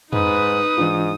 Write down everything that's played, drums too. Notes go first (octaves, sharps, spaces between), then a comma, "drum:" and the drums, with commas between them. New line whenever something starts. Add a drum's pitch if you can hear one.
G#2 D#4 B4 D#6, drum: tom
G#2 E3 D4 F4